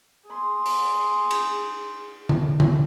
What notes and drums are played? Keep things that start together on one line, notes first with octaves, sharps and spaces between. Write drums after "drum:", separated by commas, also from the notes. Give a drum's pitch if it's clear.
G#4 C6
drum: open hi-hat
drum: cymbal
drum: tom D3
drum: tom D3